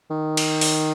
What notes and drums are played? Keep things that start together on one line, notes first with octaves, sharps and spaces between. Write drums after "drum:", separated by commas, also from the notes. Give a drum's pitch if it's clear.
D#3
drum: cymbal
drum: open hi-hat